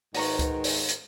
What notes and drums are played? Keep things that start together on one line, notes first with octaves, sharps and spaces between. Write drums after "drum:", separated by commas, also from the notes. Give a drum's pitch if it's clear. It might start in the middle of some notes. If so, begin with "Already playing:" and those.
G#2 D#3 F#4 B4 A#5 C#6, drum: open hi-hat
drum: kick C#2, hi-hat
drum: open hi-hat
drum: hi-hat